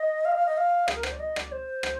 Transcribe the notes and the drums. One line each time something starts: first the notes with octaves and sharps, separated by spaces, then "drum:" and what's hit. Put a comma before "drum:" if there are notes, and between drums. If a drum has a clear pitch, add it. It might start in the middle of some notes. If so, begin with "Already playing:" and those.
Already playing: D#5
F5
D#5
F5
D#5
F5
G#4, drum: rim click
A#4
C5, drum: rim click
D5
D#5
D5, drum: rim click
C5
drum: rim click